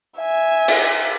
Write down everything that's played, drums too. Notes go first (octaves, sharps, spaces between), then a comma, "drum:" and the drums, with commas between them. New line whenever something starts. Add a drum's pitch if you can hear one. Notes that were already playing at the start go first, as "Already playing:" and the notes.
E5 G#5
drum: cymbal